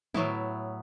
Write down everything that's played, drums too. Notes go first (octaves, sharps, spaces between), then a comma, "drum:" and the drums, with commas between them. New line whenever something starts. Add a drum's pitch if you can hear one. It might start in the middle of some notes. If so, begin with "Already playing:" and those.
A2 F#3 B3 E4, drum: tom